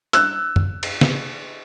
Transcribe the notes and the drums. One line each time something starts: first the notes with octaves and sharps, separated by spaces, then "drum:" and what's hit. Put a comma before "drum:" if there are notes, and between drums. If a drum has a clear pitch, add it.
E6 F#6, drum: hi-hat
drum: tom F#2
drum: cymbal
drum: snare